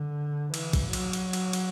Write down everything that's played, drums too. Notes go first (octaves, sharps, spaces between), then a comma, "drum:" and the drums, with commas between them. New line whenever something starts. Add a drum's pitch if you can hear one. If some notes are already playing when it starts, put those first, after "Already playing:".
Already playing: D3
E3, drum: cymbal
drum: kick, cymbal
F#3, drum: cymbal
drum: cymbal
drum: cymbal
drum: cymbal